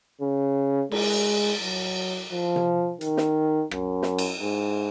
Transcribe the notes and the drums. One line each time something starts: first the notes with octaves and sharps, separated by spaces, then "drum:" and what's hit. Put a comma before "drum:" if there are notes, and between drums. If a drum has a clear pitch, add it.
C#3
G#3, drum: cymbal
F#3
F3
drum: tom C3
D#3, drum: hi-hat
drum: snare
F#2, drum: rim click
drum: snare
drum: cymbal
G#2